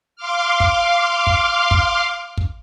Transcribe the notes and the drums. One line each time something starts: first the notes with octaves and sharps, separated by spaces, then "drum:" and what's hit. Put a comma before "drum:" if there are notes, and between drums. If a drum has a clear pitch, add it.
F5 C6 D6 F6
drum: kick
drum: kick
drum: kick
drum: kick